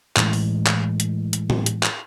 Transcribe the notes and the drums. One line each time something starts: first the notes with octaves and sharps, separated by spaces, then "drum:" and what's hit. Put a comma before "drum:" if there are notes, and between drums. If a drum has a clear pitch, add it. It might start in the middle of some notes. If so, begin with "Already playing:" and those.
A2 E3 G#3, drum: clap
drum: open hi-hat
drum: clap
drum: hi-hat
drum: hi-hat
drum: tom A2
drum: hi-hat
drum: clap